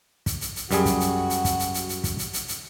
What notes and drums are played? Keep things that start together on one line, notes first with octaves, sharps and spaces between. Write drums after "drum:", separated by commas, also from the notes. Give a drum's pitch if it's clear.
drum: kick, hi-hat
drum: hi-hat
drum: hi-hat
F#2 G3 F#4 G#4, drum: hi-hat
drum: kick, hi-hat
drum: hi-hat
drum: hi-hat
drum: kick, hi-hat
drum: hi-hat
drum: hi-hat
drum: hi-hat
drum: kick, hi-hat
drum: hi-hat
drum: hi-hat
drum: hi-hat